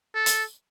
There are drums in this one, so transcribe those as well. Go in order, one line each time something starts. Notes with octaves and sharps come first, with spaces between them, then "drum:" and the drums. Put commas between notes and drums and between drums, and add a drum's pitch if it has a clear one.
A4
drum: hi-hat